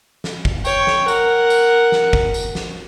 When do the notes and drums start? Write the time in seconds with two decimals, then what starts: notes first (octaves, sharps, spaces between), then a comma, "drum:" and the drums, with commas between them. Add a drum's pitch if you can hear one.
0.24 drum: snare
0.45 drum: kick
0.65 C#5 G5, drum: tambourine
0.87 drum: snare
1.08 A#4 F#5, drum: tambourine
1.50 drum: tambourine
1.92 drum: snare
2.13 drum: kick
2.34 drum: tambourine
2.55 drum: snare